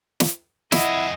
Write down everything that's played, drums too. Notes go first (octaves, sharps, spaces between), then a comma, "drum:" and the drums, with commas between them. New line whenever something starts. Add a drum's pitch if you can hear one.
drum: snare
F2 E4 G#4 D#5 F#5, drum: snare